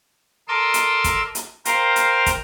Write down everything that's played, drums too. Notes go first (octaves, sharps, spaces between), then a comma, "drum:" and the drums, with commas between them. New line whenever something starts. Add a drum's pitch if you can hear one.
A4 A#4 D#5 C6 D6 E6
drum: hi-hat
drum: kick, hi-hat
drum: hi-hat
A#4 C5 F5 G5 A#5, drum: hi-hat
drum: hi-hat
drum: kick, hi-hat